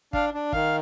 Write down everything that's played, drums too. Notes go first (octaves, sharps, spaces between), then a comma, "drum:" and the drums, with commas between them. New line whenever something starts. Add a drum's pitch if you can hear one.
D4 F5, drum: kick
D4
D#3 F5, drum: kick